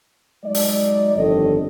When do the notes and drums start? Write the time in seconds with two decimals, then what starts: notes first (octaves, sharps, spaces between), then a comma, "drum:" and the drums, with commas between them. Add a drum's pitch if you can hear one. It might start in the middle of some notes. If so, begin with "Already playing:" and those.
0.45 F#3 G#3 D#4 D5
0.54 drum: open hi-hat
1.16 G1 F2 D#3 A4 C#5 D#5